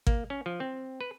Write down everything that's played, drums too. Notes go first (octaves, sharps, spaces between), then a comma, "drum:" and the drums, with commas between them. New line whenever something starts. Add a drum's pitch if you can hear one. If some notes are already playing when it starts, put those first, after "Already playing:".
A#3, drum: kick
C#4
F3
C4
B4